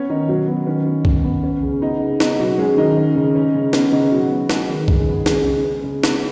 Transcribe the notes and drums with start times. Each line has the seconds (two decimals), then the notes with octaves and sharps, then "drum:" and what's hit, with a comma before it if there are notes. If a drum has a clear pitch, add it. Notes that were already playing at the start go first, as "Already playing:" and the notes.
Already playing: B3 C#4 C#5
0.10 D#3 D#4
0.28 B2 F#3 F#4
0.47 B3
0.67 D#3 C#4
0.86 B3
1.05 D#3, drum: kick B1
1.24 B3
1.43 C#4
1.63 C#3
1.81 B3 D#4
2.00 C#3
2.20 B3 D#4, drum: snare
2.39 B2 F#3 F#4
2.58 G#3 C#4 G#4
2.77 D#3 D#4
2.97 C#4
3.16 C#3
3.35 C#4
3.55 C#3
3.73 B3 C#4, drum: snare
3.92 C#3 D#4
4.11 B2 F#3 F#4
4.30 B3
4.50 G#3 B3 G#4, drum: snare
4.69 D#3
4.88 C#3, drum: kick B1
5.08 B3
5.26 G#3 C#4 G#4, drum: snare
5.45 C#3
5.64 C#4
5.84 C#3
6.04 B3, drum: snare